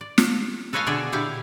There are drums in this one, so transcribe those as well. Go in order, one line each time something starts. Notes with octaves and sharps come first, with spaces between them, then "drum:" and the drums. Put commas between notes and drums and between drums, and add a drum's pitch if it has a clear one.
D5
drum: snare
A4 B4 C#5 D#5 F5 G#5
B2 D3 G#4 D5 E5
A#2 D3 E4 G4 F5